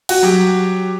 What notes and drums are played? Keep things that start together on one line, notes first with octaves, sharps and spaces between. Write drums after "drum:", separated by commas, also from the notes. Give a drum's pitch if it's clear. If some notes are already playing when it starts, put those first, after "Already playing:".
F#4, drum: cymbal
F#3 G4